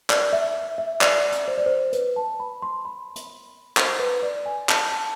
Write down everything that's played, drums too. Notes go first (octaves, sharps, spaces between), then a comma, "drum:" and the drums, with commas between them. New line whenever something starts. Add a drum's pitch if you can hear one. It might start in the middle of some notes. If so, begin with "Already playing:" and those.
D5, drum: clap
E5
E5
D5, drum: clap
drum: hi-hat
C5
D5
C5
B4, drum: hi-hat
A5
B5
C6
B5
drum: hi-hat
C5, drum: clap
B4
D5
G#5
A5, drum: clap
A5